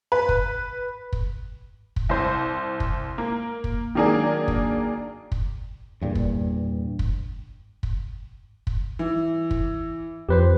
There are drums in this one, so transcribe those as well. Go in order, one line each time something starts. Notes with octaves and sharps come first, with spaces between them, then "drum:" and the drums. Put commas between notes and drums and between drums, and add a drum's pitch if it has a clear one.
B4
drum: kick
drum: kick
drum: kick
C2 C5
drum: kick
A#3
drum: kick
D#3 F#3 A#3 D4 G#4
drum: kick
drum: kick
E2 G2 A#2
drum: kick
drum: kick
drum: kick
drum: kick
E3
drum: kick
F2 G4 B4 C5